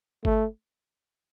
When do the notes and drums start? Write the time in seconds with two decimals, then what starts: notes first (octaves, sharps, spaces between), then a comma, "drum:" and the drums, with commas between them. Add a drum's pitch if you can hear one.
0.25 A3, drum: kick G1